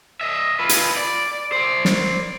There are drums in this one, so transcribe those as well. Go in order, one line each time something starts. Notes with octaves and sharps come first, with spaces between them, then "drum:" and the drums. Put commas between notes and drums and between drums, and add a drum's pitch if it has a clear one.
D#5 E5
F4 B4
drum: hi-hat
D5
C5 D5
drum: snare